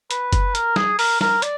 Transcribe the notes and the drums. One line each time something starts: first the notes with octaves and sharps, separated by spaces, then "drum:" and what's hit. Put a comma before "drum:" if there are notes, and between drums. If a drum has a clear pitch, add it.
B4, drum: hi-hat
drum: kick F#1, hi-hat
A#4, drum: hi-hat
G#4, drum: snare
A#4, drum: open hi-hat
A#4, drum: snare
D5, drum: hi-hat